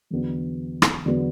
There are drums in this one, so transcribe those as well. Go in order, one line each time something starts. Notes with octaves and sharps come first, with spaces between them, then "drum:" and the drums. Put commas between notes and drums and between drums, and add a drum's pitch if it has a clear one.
E2 D3 F#3 B3 D4
drum: rim click
E2 D3 F#3 B3 D4